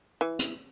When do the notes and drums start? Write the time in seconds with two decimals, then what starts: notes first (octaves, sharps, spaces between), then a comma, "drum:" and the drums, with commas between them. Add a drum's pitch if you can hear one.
0.21 E3
0.39 drum: hi-hat